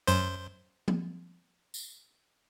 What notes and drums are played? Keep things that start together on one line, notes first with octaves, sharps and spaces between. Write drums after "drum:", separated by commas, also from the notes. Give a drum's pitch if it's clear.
F#2 C5, drum: hi-hat
drum: tom F3
drum: tambourine